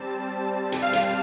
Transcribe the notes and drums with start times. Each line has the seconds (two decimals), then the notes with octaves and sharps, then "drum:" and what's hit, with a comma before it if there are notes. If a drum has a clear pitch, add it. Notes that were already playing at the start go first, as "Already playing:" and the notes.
Already playing: G3 C4 A5
0.72 drum: hi-hat
0.82 F5
0.93 drum: hi-hat